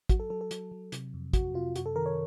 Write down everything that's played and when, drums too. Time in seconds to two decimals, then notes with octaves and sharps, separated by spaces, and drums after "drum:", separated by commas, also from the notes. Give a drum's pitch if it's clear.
0.09 F#3 F#4, drum: kick, hi-hat
0.20 A4
0.30 F#3 A4
0.41 A4
0.51 F#3, drum: hi-hat
0.71 F#3
0.92 C3, drum: hi-hat
1.14 F2
1.33 F2 F#4, drum: kick, hi-hat
1.54 C3 F4
1.76 F#2 F#4, drum: hi-hat
1.86 A4
1.96 D#3 A#4
2.06 C#5